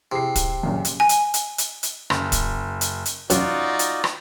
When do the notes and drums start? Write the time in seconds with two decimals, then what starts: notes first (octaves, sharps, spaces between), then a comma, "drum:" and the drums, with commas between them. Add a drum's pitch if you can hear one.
0.12 C3 E4 G#4 C7
0.35 drum: kick, hi-hat
0.63 F#2 A#2 C#3
0.85 drum: hi-hat
1.00 G#5
1.09 drum: hi-hat
1.34 drum: hi-hat
1.58 drum: hi-hat
1.83 drum: hi-hat
2.10 F#1, drum: rim click
2.32 drum: kick, hi-hat
2.81 drum: hi-hat
3.05 drum: hi-hat
3.30 F#2 D#4 F4 F#4 D5, drum: hi-hat
3.79 drum: hi-hat
4.04 drum: rim click